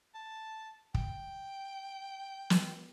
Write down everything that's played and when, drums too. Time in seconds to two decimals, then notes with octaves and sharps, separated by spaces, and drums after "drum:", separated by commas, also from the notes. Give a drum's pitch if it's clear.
0.15 A5
0.94 G5, drum: kick
2.50 drum: snare